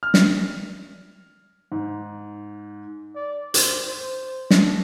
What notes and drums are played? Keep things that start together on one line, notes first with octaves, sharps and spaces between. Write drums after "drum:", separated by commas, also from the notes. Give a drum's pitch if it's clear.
F6
drum: snare
G#2
D5
C5, drum: hi-hat
C5
D4, drum: snare